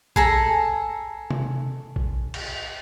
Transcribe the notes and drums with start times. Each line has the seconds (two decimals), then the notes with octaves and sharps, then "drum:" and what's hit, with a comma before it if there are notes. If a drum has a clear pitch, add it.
0.16 G#4 A4 A#5, drum: kick
1.30 drum: tom C3
1.96 drum: kick
2.34 drum: cymbal